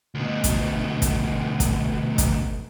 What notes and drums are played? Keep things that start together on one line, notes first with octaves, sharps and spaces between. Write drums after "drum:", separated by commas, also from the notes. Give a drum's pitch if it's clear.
D2 B2
drum: kick, hi-hat
drum: kick, hi-hat
drum: kick, hi-hat
drum: kick, hi-hat